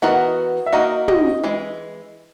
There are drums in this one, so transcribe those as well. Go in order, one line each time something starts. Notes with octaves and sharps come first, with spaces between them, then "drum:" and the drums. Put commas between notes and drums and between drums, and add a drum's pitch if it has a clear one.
E3 B3 F#4 A#4 D#5 F#5
E5
A#3 D#4 F#4 A#4 D#5
D#5, drum: tom
E3 G#3